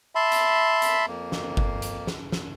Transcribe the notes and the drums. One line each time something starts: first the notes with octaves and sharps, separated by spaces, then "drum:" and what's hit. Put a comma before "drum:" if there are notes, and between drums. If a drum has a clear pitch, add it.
E5 A5 B5 C6
drum: hi-hat
drum: hi-hat
F2 A#3
drum: snare
drum: kick G1
drum: hi-hat
drum: snare
drum: snare